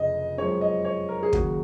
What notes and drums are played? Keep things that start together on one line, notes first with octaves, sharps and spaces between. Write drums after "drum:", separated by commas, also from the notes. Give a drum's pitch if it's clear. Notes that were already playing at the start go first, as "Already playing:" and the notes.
Already playing: F1 F2 C#3 D#5
F#2 F3 G#3 C4 C#5
D#5
C#5
A#4
G#4
D#2 C#3 F#3 A#3 F#4, drum: kick